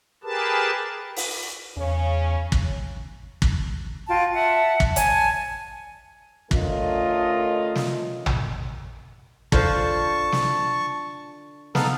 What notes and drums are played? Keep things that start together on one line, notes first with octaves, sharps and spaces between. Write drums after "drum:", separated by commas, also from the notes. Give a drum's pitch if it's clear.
G4 G#4 A#4 B4 A5
drum: open hi-hat
E2 C#3 C#4
drum: kick
drum: kick
F4 F#4 G5 A5
E5 F#5 A5
drum: kick
G#5 A5, drum: hi-hat
D3 A3 C#4 F4 A#4 D#5, drum: kick
drum: snare
drum: tom
D3 F4 C5 A5 C#6, drum: kick
drum: snare
B3 D#4 A4 F5, drum: snare